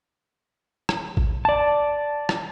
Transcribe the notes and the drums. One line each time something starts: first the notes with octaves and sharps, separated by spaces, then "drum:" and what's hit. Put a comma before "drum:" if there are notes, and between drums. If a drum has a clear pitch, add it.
drum: rim click
drum: kick G#1
D5 A5
drum: rim click